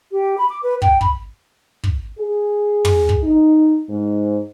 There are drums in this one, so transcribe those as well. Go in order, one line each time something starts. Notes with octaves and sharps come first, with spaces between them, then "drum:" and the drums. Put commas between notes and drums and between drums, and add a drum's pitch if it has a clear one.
G4
B5
D6
B4
G5, drum: kick
B5, drum: kick
drum: kick
G#4
drum: tom
drum: kick
D#4
G#2